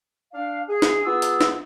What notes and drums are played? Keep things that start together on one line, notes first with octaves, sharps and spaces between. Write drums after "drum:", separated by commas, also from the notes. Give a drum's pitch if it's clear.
D4 F5
G#4
drum: snare
B3 F4 G#4 E6
drum: hi-hat
drum: snare